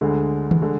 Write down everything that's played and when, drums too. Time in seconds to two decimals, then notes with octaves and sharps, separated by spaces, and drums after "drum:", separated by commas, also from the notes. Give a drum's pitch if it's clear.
0.01 D2 D3 G#3
0.51 drum: tom D#3
0.62 D3 G#3